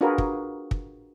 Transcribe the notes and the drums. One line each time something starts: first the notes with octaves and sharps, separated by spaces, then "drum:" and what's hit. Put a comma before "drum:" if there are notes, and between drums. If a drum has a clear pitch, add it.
D4 F4 F#4 G#4 A#4 B4
drum: kick
drum: kick